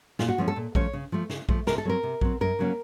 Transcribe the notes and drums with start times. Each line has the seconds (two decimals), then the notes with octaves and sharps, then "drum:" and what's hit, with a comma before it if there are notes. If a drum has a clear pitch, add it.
0.19 A#2 F4, drum: snare
0.28 F#4
0.38 F3 A3 C#4
0.48 A4
0.56 A#2
0.75 F3 A3 C#4 C#5, drum: kick A#1
0.93 C#3
1.12 F3 A3
1.29 C#3, drum: snare
1.49 F3 A3, drum: kick A#1
1.67 C3 A#4, drum: snare
1.78 A4
1.85 F#3 C4 A#4
2.03 C3
2.21 F#3 C4, drum: kick A#1
2.41 F#2 A#4
2.59 C#3 F#3 A#3 C#4